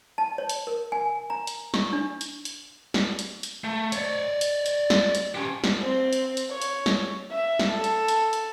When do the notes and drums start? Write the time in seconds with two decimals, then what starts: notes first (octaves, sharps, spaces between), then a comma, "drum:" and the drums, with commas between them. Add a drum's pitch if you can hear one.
0.18 A5
0.38 C#5
0.49 drum: hi-hat
0.67 A#4
0.92 G#5
1.30 A#5
1.47 drum: hi-hat
1.74 C#6, drum: snare
1.93 D4
2.21 drum: hi-hat
2.45 drum: hi-hat
2.94 drum: snare
3.19 drum: hi-hat
3.43 drum: hi-hat
3.64 A3
3.92 C#5 D5, drum: hi-hat
4.41 drum: hi-hat
4.66 drum: hi-hat
4.90 drum: snare
5.15 drum: hi-hat
5.35 C#4 G4
5.64 drum: snare
5.82 C4
6.13 drum: hi-hat
6.37 drum: hi-hat
6.50 C#5
6.62 drum: hi-hat
6.86 drum: snare
7.31 E5
7.59 drum: snare
7.71 A4
7.84 drum: hi-hat
8.08 drum: hi-hat
8.33 drum: hi-hat